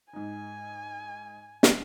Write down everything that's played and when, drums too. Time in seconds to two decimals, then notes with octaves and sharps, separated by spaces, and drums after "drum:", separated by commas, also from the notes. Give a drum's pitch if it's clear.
0.13 G#2 D#4 G#5
1.63 drum: snare